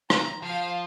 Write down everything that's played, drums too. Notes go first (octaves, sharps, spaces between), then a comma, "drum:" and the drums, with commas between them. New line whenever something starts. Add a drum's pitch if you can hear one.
A#5, drum: rim click
F3 F5